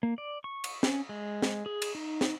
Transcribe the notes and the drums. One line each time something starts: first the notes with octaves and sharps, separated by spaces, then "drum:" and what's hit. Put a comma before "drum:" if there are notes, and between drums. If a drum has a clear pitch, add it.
A#3
D5
C#6
drum: cymbal
C#4, drum: snare
G#3
drum: snare
G#4
drum: cymbal
D#4
drum: snare